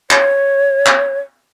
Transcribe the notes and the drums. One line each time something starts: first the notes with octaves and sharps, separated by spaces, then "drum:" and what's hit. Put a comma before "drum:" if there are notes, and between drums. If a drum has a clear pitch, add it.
C#5, drum: clap
drum: clap